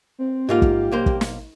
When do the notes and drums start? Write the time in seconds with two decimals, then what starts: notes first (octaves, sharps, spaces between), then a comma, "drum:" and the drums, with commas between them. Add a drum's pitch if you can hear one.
0.19 C4
0.49 G#2 A#3 F4 G4
0.62 drum: kick
0.91 B1 A#3 C5
1.06 drum: kick
1.21 drum: snare